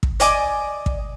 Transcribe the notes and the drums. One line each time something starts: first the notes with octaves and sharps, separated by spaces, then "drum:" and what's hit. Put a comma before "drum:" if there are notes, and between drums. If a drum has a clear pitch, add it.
drum: kick
D5 D#5 G#5 D6, drum: hi-hat
drum: kick